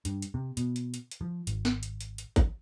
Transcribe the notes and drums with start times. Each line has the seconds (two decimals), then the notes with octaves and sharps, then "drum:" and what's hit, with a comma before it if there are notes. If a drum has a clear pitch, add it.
0.05 G2, drum: hi-hat
0.22 drum: hi-hat
0.34 C3
0.57 B2, drum: hi-hat
0.76 drum: hi-hat
0.94 drum: hi-hat
1.11 drum: hi-hat
1.21 F3
1.47 G#1, drum: hi-hat
1.65 drum: snare
1.83 drum: hi-hat
2.01 drum: hi-hat
2.18 drum: hi-hat
2.36 drum: kick G#1, hi-hat